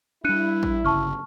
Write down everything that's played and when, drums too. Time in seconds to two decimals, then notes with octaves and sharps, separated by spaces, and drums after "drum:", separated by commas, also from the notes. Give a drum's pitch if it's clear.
0.25 G3 D4 E4 F#6 C#7 D#7
0.63 drum: kick A1
0.85 G1 C#3 A5 C#6 F6